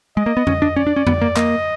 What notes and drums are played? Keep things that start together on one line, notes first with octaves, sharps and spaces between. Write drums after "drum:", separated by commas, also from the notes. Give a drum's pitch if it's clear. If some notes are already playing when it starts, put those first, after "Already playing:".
G#3 D#5
A#3
B3
C#4, drum: tom F2
D4
C#4 D5
D4
C#4
B3, drum: tom F2
A#3
A#3 D#5, drum: clap